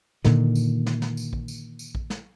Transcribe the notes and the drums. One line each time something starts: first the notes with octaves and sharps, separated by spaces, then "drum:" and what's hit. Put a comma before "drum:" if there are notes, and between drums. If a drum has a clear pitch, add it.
A#2 D3 D#3, drum: snare
drum: tambourine
drum: snare
drum: snare
drum: tambourine
drum: kick A#1
drum: tambourine
drum: tambourine
drum: kick A#1
drum: snare